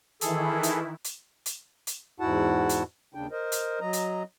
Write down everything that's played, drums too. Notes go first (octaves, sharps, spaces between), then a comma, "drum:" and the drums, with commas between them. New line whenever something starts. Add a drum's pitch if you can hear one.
D#3 E3 E4 G#4 A4, drum: hi-hat
drum: hi-hat
drum: hi-hat
drum: hi-hat
drum: hi-hat
E2 G#2 E4 F#4 F#5 A5
drum: hi-hat
D#2 C#3 D4 G5
A#4 C5 D#5
drum: hi-hat
F#3 D#5 A#5
drum: hi-hat